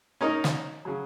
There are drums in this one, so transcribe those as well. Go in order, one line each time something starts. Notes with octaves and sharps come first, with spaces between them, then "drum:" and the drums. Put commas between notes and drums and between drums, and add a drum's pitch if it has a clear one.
C#4 D#4 A#4 D#5
drum: snare
C#3 F#3